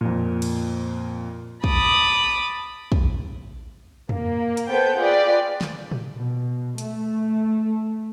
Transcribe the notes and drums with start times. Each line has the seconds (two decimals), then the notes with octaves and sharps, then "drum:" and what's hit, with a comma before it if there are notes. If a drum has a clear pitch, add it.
0.01 F2 A#2
0.42 drum: cymbal
1.64 A5 B5 D6 D#6, drum: kick
2.92 drum: kick
4.09 A#3, drum: tom F2
4.57 drum: hi-hat
4.68 B3 A4 B4 C5 G5 G6
4.97 F4 G#4 B4 D5 G5
5.61 drum: snare
5.91 drum: tom A2
6.17 B2
6.78 A3, drum: hi-hat